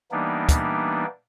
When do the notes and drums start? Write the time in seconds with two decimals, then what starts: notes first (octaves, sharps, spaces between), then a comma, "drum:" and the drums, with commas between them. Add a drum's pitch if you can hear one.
0.12 E3 G3 A#3 B3 D4 D#4
0.49 drum: kick, hi-hat